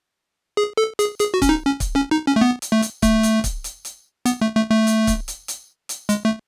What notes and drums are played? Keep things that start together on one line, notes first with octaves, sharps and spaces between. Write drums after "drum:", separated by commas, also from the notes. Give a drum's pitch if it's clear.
G#4
A4
G#4, drum: hi-hat
G#4, drum: hi-hat
F#4
C#4, drum: kick C#1, hi-hat
D#4
C#4
drum: kick C#1, hi-hat
C#4
D#4
C#4
A3
B3
drum: hi-hat
A3
drum: hi-hat
A3, drum: kick C#1, hi-hat
drum: hi-hat
drum: kick C#1, hi-hat
drum: hi-hat
drum: hi-hat
B3, drum: hi-hat
A3
A3
A3
drum: hi-hat
drum: kick C#1, hi-hat
drum: hi-hat
drum: hi-hat
drum: hi-hat
G#3, drum: hi-hat
A3